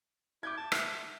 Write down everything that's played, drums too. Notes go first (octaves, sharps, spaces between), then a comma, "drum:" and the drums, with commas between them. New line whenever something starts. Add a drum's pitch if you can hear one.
E4 D6 G6 G#6
A5
E5, drum: rim click